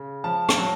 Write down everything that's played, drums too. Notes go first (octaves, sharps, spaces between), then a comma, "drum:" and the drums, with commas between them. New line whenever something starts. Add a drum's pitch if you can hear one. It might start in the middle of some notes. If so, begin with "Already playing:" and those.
Already playing: C#3
F3 A5
drum: rim click
F#3 A5